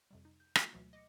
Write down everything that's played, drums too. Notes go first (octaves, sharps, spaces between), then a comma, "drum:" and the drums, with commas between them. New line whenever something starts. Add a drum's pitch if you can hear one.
F2 C3 G3
D#4
G6
G#3 A#3 B3 D#4 F4 F#4, drum: rim click
D2 B2 E3 F#3 A3
D#5 D6 A#6 C#7